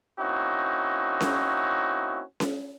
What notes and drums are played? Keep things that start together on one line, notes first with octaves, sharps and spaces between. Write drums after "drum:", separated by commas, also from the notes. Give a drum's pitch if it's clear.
A#3 C4 C#4 D#4 E4 F#4
drum: snare C#4
drum: snare C#4